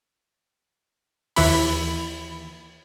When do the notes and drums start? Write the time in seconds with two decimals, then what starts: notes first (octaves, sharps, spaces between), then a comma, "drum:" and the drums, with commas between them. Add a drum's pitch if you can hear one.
1.36 D#2 E3 E4 B5, drum: open hi-hat